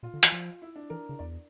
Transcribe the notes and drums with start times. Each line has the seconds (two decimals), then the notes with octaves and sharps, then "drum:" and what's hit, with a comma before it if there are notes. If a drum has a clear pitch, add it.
0.03 A#2 F4
0.14 D3
0.23 E3, drum: hi-hat
0.32 F3
0.62 E4
0.76 D4
0.90 E3 A#4
1.09 C#3
1.19 E2 D5